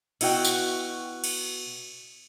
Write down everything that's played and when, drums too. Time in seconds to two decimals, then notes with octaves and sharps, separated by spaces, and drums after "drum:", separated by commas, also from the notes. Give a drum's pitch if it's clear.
0.21 B2 E4 F#4 G5, drum: cymbal
0.45 drum: tambourine
1.24 drum: cymbal